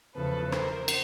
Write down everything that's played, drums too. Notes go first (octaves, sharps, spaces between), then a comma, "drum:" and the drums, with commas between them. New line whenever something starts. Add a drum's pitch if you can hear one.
E2 C#3 F3 A4 B4
A#4 C5, drum: rim click
drum: cymbal